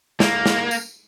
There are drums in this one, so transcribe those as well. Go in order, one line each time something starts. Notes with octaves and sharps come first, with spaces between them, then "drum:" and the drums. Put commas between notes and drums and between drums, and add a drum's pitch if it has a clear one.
A#3, drum: snare
drum: snare
drum: tambourine